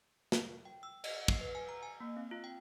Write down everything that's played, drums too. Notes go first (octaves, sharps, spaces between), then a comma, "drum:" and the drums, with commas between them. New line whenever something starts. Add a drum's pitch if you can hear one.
drum: snare
G5
E6
D#5, drum: cymbal
C7, drum: kick
B4
G#5
A#5
G#5
A#3
C4
F4
G5